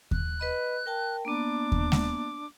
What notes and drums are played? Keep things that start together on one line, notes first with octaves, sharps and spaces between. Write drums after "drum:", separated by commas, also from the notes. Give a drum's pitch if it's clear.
F#6, drum: kick D#2
B4 D#5 B5
A#4 G5 A5
A#3 B3 D4 D6
drum: kick D#2
drum: snare G#3